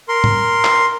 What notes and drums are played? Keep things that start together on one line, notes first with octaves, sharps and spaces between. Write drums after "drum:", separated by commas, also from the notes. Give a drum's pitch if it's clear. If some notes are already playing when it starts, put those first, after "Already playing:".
A#4 C6
drum: tom
drum: clap